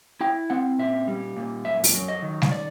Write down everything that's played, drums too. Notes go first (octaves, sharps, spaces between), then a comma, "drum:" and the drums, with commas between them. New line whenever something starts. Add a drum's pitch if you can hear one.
E4 G5
C4 F#5
A#2 E5
G3
A#2
F#2 E5
drum: open hi-hat
F#3
D#5
D#3
drum: snare G3
D5